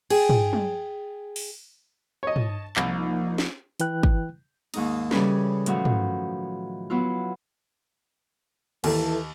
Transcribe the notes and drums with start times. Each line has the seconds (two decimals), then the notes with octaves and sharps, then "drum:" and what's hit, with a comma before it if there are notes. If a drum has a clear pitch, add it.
0.10 G#4 G5, drum: cymbal
0.29 drum: tom
0.53 drum: tom
1.36 drum: open hi-hat
2.23 C#5 D#5 A5
2.36 drum: tom
2.76 C2 F3 A#3 D#4, drum: clap
3.38 drum: snare
3.80 E3 E4 B4 G5 F#6, drum: hi-hat
4.03 drum: kick
4.74 D#2 G#2 D#4, drum: cymbal
5.11 C#3 E3 G3 C#4 A4 B4, drum: snare
5.66 A2 D#3 F3 F#3 F#4, drum: hi-hat
5.85 drum: tom
6.90 F#3 B3 E4 F4
8.84 D#2 E3 A4, drum: cymbal